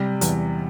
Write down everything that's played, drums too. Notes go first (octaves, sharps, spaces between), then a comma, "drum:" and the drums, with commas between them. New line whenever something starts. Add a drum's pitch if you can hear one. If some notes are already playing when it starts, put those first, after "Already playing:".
Already playing: C3 G3
E2, drum: hi-hat